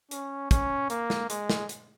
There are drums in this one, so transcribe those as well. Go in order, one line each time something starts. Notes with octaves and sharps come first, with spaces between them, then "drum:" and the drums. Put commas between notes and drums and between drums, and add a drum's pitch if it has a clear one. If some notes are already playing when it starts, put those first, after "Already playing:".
C#4, drum: hi-hat
C#4, drum: kick, hi-hat
A#3, drum: hi-hat
drum: snare
G#3, drum: hi-hat
drum: snare
drum: hi-hat